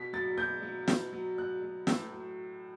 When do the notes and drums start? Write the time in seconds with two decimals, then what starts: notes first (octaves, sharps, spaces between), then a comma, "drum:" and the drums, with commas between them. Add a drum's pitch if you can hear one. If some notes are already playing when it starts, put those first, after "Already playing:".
Already playing: B2 B6
0.13 F#3 A6
0.38 B2 G6
0.62 F#3
0.88 B2, drum: snare
1.12 F#3
1.38 B2 F#6
1.63 F#3
1.87 A2 E6, drum: snare
2.12 F#3